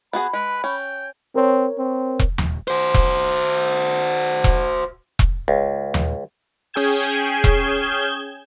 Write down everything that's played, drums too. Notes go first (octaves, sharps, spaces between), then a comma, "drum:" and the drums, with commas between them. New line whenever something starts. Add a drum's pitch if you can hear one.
B3 F#4 G#4 B5
G#3 B4
C#4 G5
C4 A#4 C#5
C4
drum: kick E1
drum: tom D#2
F#4 C5
drum: kick E1
drum: kick E1
drum: kick E1
C#2
drum: tom D#2
C#4 G#4 G5 G6 G#6 E7
drum: kick E1